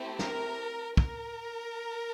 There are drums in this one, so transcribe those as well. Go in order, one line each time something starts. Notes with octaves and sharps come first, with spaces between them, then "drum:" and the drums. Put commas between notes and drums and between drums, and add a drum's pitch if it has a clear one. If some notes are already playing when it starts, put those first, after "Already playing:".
Already playing: A3 C4 E4 G4
A#4, drum: snare
A#4, drum: kick